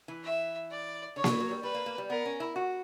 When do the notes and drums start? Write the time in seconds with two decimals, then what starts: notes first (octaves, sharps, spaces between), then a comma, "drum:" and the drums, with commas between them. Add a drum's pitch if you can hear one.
0.08 E3
0.24 E5
0.71 D5
1.16 D3 C#5
1.24 F#3, drum: snare A#3
1.29 E3
1.40 F#3
1.51 G3
1.63 G3 B4
1.74 A#3
1.86 A#3
1.98 G3
2.10 B3 A#4
2.26 C#4
2.40 E4
2.56 F#4